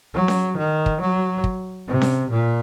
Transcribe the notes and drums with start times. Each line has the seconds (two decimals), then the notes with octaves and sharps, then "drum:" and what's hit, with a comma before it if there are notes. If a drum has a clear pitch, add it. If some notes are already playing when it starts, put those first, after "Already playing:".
0.14 F#3
0.28 drum: snare C#4
0.57 D#3
0.86 drum: kick
1.01 F#3
1.44 drum: kick
1.88 C3
2.01 drum: snare C#4
2.30 A#2